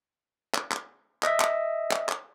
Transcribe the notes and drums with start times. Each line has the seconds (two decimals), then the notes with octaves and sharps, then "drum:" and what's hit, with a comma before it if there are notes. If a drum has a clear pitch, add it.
0.55 drum: clap
0.72 drum: clap
1.23 D#5 E5, drum: clap
1.40 drum: clap
1.92 drum: clap
2.09 drum: clap